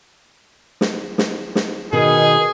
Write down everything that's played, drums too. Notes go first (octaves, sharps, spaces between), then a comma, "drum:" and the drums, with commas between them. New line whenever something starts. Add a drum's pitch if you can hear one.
drum: snare
drum: snare
drum: snare
B2 D#3 G#4